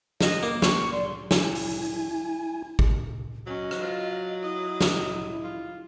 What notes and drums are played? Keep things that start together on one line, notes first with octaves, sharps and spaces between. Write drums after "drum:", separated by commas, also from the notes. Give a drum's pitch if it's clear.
D#5, drum: snare
A#3
C#6, drum: snare
D5 C6
E4 G#5, drum: snare
drum: open hi-hat
drum: kick
F#3 C#4 D#5
drum: rim click
F4
E4 D#5
drum: snare
F4